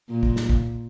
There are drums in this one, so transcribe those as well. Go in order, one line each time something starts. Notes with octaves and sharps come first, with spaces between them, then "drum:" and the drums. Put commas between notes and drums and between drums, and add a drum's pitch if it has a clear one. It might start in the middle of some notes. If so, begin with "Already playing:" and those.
A#2
drum: kick
drum: snare
drum: kick